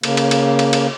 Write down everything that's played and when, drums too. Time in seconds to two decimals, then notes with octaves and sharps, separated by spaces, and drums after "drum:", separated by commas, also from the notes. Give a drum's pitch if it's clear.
0.03 C#3 A#3, drum: cymbal
0.17 drum: cymbal
0.31 drum: cymbal
0.59 drum: cymbal
0.73 drum: cymbal